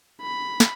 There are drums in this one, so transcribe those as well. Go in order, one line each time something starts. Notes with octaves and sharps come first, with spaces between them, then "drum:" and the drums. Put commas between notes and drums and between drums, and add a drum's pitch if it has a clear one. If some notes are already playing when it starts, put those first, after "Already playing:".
B5
drum: snare